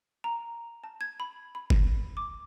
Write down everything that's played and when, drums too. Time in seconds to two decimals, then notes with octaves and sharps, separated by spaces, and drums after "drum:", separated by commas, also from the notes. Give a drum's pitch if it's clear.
0.24 A#5
0.84 A5
1.01 G#6
1.20 B5
1.55 B5
1.70 drum: kick F#1
2.17 D6